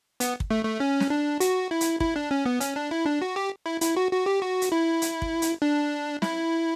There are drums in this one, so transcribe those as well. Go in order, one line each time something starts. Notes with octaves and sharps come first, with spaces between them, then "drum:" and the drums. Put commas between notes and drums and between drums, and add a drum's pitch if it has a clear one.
B3, drum: hi-hat
drum: kick
A3
A3
C#4
drum: snare
D4
F#4, drum: hi-hat
E4
drum: hi-hat
E4, drum: kick
D4
C#4
B3
C#4, drum: hi-hat
D4
E4
D4
F#4
G4
E4
E4, drum: hi-hat
F#4
F#4
G4
F#4
drum: hi-hat
E4
drum: hi-hat
drum: kick
drum: hi-hat
D4
E4, drum: snare